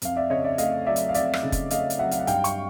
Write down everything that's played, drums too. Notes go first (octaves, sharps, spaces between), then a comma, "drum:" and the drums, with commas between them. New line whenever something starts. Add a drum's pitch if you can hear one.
F2 F5, drum: hi-hat
D5 E5
C#3 C#5 D#5
D5 E5
A3 D#5 F5, drum: hi-hat
F#3 D5 E5
drum: hi-hat
F5
F2 D5 E5, drum: hi-hat
drum: rim click
C#3
drum: kick F1, hi-hat
A3 D#5 F5, drum: hi-hat
drum: hi-hat
F#3 E5 F#5
F5, drum: hi-hat
F#5
G2 F5 G5, drum: hi-hat
C#6, drum: hi-hat